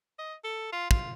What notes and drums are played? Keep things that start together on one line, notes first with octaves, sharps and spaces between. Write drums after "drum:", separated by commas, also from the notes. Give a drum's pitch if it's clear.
D#5
A4
F4
F4, drum: kick